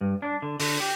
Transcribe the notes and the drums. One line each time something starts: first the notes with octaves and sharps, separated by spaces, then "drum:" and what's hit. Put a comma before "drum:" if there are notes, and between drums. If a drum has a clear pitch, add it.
G2
D4
D3
D3, drum: open hi-hat
G4